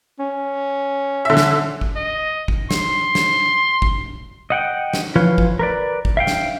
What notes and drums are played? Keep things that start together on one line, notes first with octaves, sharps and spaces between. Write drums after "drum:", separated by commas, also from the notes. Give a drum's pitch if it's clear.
C#4
D3 E5
drum: snare
drum: kick
D#5
drum: kick
C6, drum: snare
drum: snare
drum: kick
D#5 F#5 G5
drum: snare
E3 F3 F4 B4 C#5
drum: kick
A#4 B4 D5
drum: kick
E5 F5 G5
drum: snare